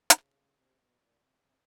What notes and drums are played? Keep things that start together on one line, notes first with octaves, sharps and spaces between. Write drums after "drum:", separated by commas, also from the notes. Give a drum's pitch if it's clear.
C#3, drum: hi-hat
C3
B2
A#2
C3
C3